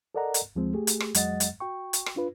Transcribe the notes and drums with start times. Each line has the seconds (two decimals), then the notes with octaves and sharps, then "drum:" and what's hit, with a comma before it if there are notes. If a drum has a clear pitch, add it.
0.15 A4 A#4 D5 D#5 F#5 A#5
0.34 drum: hi-hat
0.56 D2 F3 G#3 C4
0.74 A3 G4 G#4
0.87 drum: hi-hat
1.00 drum: rim click
1.15 F2 F#3 G#3 D#5 F#5 A6, drum: hi-hat
1.40 drum: hi-hat
1.60 F#4 G5 C#6
1.93 drum: hi-hat
2.06 drum: rim click
2.16 D4 F4 B4